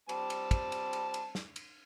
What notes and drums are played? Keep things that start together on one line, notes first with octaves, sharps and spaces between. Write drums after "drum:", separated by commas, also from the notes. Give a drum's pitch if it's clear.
G3 C4 A5, drum: cymbal
drum: cymbal
drum: kick, cymbal
drum: cymbal
drum: cymbal
drum: cymbal
drum: snare
drum: cymbal